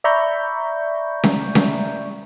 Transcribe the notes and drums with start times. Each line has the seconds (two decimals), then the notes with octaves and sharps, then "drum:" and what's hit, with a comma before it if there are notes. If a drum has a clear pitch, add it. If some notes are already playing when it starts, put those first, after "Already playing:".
0.04 D5 E5 A#5 B5 C#6 G6
1.24 drum: snare C#4
1.55 drum: snare C#4